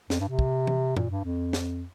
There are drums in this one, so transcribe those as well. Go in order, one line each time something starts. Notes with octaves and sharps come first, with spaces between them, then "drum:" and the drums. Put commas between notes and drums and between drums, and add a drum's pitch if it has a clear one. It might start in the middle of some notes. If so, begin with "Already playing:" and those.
F2, drum: snare
G2
C3
drum: kick
drum: tom
A#2, drum: tom F#2
G2
F2
drum: snare